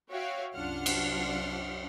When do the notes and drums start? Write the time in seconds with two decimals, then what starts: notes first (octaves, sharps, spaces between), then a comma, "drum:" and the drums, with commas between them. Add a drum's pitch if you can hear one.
0.10 F#4 C#5 E5 F5 G5
0.55 C2 F#2 D4 F4 F#5 F6
0.86 drum: cymbal